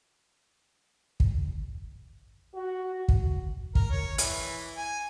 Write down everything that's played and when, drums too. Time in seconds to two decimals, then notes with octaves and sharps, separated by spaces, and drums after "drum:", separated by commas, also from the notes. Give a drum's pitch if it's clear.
1.20 drum: kick
2.54 F#4
3.08 drum: kick
3.75 A#4, drum: kick
3.91 C#5
4.18 E3, drum: hi-hat
4.77 G#5